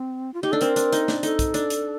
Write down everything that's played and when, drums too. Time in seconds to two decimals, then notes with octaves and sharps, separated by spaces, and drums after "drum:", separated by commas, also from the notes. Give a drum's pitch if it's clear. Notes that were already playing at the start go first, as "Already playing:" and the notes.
Already playing: C4
0.34 F4
0.42 D#4 G4
0.52 D4 A4
0.61 C4 A#4, drum: hi-hat
0.76 D4, drum: hi-hat
0.93 D#4, drum: hi-hat
1.08 D4, drum: snare
1.23 D#4 A4, drum: hi-hat
1.39 drum: kick, hi-hat
1.54 D4, drum: hi-hat
1.70 drum: hi-hat